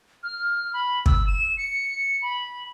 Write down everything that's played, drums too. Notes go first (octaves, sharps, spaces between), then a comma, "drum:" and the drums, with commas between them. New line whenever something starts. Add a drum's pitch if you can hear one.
F6
B5
E6, drum: kick
E7
C#7
B5